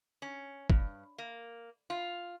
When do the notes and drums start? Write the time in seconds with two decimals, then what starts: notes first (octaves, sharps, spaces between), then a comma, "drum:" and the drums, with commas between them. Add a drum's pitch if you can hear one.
0.22 C#4
0.70 G2, drum: kick
1.18 A#3
1.90 F4